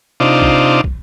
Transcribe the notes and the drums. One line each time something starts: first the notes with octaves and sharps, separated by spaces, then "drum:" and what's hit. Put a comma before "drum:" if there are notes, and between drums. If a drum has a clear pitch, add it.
C3 D4 D#4 F4
drum: kick
drum: kick